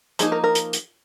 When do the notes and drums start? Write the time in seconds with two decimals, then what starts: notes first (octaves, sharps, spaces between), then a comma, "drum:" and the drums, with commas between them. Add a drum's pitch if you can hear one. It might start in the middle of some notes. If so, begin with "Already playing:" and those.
0.19 F3 A#3 D#4 G#4, drum: hi-hat
0.32 A#4
0.44 A#4
0.55 drum: hi-hat
0.73 drum: hi-hat